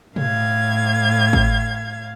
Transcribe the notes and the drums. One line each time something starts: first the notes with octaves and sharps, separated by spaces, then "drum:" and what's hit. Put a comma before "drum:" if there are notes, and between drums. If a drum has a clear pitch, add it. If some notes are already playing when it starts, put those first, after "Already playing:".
A2 F5 G#6, drum: tom B2
drum: kick G#1